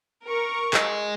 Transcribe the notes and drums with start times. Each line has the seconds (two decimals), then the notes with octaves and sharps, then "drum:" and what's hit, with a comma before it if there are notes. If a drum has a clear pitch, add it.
0.24 A#4 C#6
0.74 G#4 D#5, drum: clap